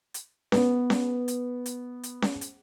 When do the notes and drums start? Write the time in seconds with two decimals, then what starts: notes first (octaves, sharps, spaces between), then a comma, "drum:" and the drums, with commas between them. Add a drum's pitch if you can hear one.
0.14 drum: hi-hat
0.52 B3 B4, drum: snare C#4
0.90 drum: snare C#4
1.28 drum: hi-hat
1.66 drum: hi-hat
2.03 drum: hi-hat
2.22 drum: snare C#4
2.41 drum: hi-hat